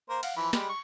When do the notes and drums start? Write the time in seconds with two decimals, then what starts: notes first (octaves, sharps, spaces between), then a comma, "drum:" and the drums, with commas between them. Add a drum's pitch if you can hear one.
0.09 A#3 A#4 C5
0.23 F5 F#5, drum: cymbal
0.36 E3 F3 B5
0.53 G3 G#3 B5, drum: snare
0.69 C#6